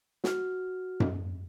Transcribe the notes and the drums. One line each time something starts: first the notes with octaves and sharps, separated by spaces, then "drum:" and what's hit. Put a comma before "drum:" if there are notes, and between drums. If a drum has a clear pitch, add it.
F#4 F6, drum: snare
drum: tom F#2